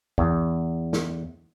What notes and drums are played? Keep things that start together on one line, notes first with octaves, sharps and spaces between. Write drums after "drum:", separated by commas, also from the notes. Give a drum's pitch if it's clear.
E2, drum: kick
drum: snare